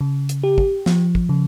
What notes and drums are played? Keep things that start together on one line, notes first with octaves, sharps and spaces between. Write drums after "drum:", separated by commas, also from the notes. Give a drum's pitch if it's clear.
C#3
drum: hi-hat
G4
drum: kick
F3, drum: snare
drum: kick
C#3